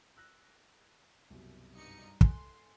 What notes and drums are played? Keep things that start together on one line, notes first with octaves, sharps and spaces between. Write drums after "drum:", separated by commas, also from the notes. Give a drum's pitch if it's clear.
E6 F#6 A#6
C2 F#2 B2
G2 D#4 C#7
A4 G#5 C6 F#6, drum: kick